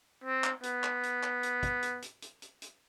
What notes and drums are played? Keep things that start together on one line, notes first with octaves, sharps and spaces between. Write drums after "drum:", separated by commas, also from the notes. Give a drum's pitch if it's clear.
C4
drum: clap
B3, drum: hi-hat
drum: clap
drum: hi-hat
drum: clap
drum: hi-hat
drum: kick, hi-hat
drum: hi-hat
drum: hi-hat
drum: hi-hat
drum: hi-hat
drum: hi-hat